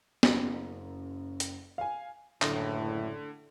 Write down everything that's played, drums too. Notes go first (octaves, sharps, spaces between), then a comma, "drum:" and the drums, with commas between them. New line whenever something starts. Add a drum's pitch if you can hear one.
F#1 F#2, drum: snare B3
drum: hi-hat
F5 G#5
F#1 A2 D3, drum: clap